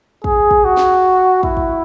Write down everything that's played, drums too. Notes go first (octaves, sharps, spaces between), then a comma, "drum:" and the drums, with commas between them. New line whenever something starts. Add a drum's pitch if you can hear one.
G#4, drum: kick
drum: kick
F#4
drum: snare
E4, drum: kick
drum: kick